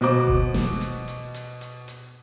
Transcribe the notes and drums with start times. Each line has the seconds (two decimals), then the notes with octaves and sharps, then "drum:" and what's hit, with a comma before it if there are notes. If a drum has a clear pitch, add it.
0.01 B2 F#4 C5 D6
0.28 drum: kick F1
0.54 drum: snare
0.81 drum: hi-hat
1.08 drum: hi-hat
1.34 drum: hi-hat
1.61 drum: hi-hat
1.88 drum: hi-hat